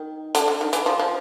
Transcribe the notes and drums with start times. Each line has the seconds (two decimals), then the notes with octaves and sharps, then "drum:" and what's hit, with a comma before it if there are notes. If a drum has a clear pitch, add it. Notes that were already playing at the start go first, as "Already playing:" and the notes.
Already playing: D#3
0.35 D3, drum: hi-hat
0.48 D3
0.61 D#3
0.73 E3, drum: hi-hat
0.86 F3
0.99 F3